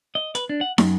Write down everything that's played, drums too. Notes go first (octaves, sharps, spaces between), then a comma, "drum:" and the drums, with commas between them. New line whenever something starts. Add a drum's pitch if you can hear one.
D#5
B4, drum: hi-hat
D4
F#5
F#2, drum: snare